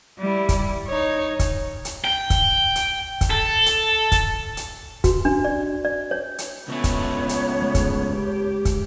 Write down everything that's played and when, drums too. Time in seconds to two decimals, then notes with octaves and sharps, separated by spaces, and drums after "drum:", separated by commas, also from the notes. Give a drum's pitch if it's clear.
0.19 G3 E4
0.49 drum: kick, hi-hat
0.86 D#4 C#5
1.39 drum: kick, hi-hat
1.85 drum: hi-hat
2.05 G5
2.30 drum: kick, hi-hat
2.76 drum: hi-hat
3.21 drum: kick, hi-hat
3.30 A4
3.66 drum: hi-hat
4.12 drum: kick, hi-hat
4.57 drum: hi-hat
5.04 F#4, drum: kick, hi-hat
5.25 D4
5.45 D5
5.85 D5
6.11 C#5
6.38 drum: hi-hat
6.68 C#2 A3 B3 C#5
6.84 drum: kick, hi-hat
7.29 drum: hi-hat
7.62 G#3
7.75 drum: kick, hi-hat
8.13 G4
8.65 drum: kick, hi-hat